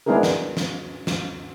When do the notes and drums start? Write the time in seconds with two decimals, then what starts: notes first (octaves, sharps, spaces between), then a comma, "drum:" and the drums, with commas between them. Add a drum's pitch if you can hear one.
0.06 G#3 B3 D4 E4 G#4 A#4
0.23 drum: snare
0.57 drum: snare
1.07 drum: snare